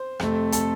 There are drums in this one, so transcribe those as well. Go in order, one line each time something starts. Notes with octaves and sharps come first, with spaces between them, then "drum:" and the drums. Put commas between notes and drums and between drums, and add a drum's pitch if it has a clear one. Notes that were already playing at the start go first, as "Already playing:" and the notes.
Already playing: C5
F2 C3 A3, drum: rim click
A4, drum: hi-hat